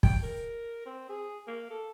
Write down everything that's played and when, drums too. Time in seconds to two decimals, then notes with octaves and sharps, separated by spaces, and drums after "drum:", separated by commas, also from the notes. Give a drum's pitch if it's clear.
0.03 G5, drum: kick
0.23 A#4
0.86 C4
1.09 G#4
1.47 A#3
1.70 A4